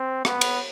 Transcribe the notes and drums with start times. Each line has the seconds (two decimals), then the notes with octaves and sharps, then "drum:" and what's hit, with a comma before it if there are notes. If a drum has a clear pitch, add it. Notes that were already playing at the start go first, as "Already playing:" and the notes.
Already playing: C4
0.25 B3, drum: rim click
0.41 drum: cymbal